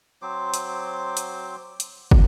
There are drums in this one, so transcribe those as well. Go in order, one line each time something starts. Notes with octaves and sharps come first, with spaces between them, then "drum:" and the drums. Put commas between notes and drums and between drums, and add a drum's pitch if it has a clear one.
F#3 C4 C5 D6
drum: hi-hat
drum: hi-hat
drum: hi-hat
drum: kick